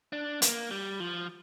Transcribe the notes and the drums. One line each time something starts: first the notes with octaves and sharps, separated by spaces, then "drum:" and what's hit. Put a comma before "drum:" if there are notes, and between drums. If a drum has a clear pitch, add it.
D4
A#3, drum: hi-hat
G3
F3